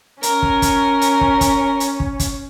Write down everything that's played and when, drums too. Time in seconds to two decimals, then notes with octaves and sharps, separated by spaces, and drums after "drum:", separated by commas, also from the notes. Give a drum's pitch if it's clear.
0.23 C#4 A#4, drum: hi-hat
0.42 drum: kick
0.62 drum: kick, hi-hat
1.01 drum: hi-hat
1.21 drum: kick
1.41 drum: kick, hi-hat
1.80 drum: hi-hat
2.00 drum: kick
2.20 drum: kick, hi-hat